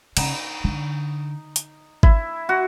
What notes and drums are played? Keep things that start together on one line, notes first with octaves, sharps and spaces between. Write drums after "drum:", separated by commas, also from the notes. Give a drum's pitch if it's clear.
C#3 D#4, drum: cymbal
D3
drum: hi-hat
E4, drum: kick G#1
F#4